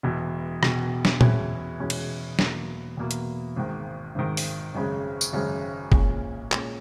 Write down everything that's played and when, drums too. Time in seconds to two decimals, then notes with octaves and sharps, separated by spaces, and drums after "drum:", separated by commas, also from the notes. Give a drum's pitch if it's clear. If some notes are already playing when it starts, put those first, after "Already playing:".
0.03 E1 E2 B2
0.63 E1 E2 B2, drum: rim click
1.05 drum: snare
1.21 E2 B2 G#3 C#4 E4, drum: tom A#2
1.80 E2 B2 G#3 C#4 E4
1.90 drum: cymbal
2.39 E2 B2 A#3 E4, drum: snare
2.97 E2 B2 A#3 E4
3.11 drum: hi-hat
3.56 G#1 G#2 D#3
4.15 G#1 G#2 D#3
4.37 drum: open hi-hat
4.74 G#1 F#2 C#3 G#3
5.21 drum: tambourine
5.33 G#1 F#2 C#3 G#3
5.92 A#2 G#3 C#4, drum: kick
6.52 A#2 G#3 C#4, drum: clap